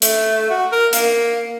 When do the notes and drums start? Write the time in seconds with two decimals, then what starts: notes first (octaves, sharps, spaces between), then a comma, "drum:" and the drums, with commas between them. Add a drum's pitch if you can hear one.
0.02 A3, drum: hi-hat
0.50 F#4
0.72 A#4
0.93 A#3, drum: hi-hat